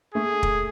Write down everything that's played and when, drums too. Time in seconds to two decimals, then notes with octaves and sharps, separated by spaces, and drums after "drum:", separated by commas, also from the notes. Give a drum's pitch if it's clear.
0.14 A3 G#4
0.43 drum: kick